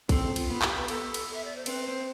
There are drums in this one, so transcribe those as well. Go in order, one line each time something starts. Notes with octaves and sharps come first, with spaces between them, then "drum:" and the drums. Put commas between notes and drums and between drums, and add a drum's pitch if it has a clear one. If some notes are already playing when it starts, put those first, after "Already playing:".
C4 A4, drum: kick A#1, cymbal
F4, drum: cymbal
B3
G4, drum: clap
B4
B3 A4, drum: cymbal
drum: cymbal
E5
D5
C5
C4 B4, drum: cymbal
C5